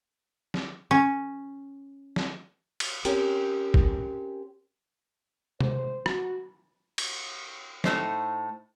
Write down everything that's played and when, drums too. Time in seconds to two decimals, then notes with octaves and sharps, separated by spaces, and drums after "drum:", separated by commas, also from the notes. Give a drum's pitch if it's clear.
0.54 drum: snare
0.91 C#4
2.16 drum: snare
2.80 drum: cymbal
3.05 C4 C#4 G4 A#4, drum: hi-hat
3.74 drum: kick
5.60 C5, drum: tom C3
6.06 F#4, drum: rim click
6.98 drum: cymbal
7.84 A2 E3 A3 D#4 C5, drum: snare